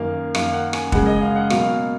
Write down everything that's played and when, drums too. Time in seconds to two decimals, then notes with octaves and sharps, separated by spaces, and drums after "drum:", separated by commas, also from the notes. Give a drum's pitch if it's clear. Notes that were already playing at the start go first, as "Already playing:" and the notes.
Already playing: F#2 D#3 A#3 F5
0.35 F#2 D#3 A#3 F5, drum: rim click
0.53 F#5
0.73 G#5, drum: rim click
0.92 F#2 C#3 G#3 F#5, drum: kick
1.06 D#5
1.21 F5
1.36 F#5
1.50 B2 F#3 A#3 F5, drum: rim click